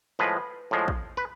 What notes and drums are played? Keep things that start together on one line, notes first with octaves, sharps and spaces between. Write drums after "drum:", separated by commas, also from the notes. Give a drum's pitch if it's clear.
A2 F3 G#3 B4
A2 F3 G#3
drum: kick
B4